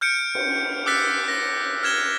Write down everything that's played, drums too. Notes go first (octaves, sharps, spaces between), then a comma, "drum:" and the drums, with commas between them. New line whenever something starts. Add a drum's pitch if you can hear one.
F6 G6 C#7 D7
drum: cymbal
D6 E6 F#6 A6 B6
A#6
F6 G#6 E7 G7